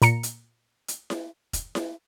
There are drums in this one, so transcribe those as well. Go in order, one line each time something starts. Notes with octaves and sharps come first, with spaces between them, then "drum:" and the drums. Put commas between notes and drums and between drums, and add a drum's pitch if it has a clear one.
A#2 A#5 C#7, drum: hi-hat
drum: hi-hat
drum: hi-hat
drum: snare E4
drum: kick F1, hi-hat
drum: snare E4